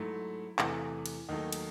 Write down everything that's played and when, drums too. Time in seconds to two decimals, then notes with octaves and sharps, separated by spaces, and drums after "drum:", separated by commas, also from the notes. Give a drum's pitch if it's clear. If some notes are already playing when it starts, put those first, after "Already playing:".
Already playing: G#2 F#3 A3 E4
0.59 E2 C3 E3 A3, drum: clap
1.06 drum: cymbal
1.28 D#2 D#3 F#3 A3 D#4
1.53 drum: cymbal